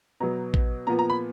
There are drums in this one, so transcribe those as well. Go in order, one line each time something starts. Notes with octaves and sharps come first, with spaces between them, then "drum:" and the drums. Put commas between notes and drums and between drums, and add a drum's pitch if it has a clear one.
B2 F#3 B3 A#5
drum: kick A1
A#2 F3 B3 A#5
A#5
B5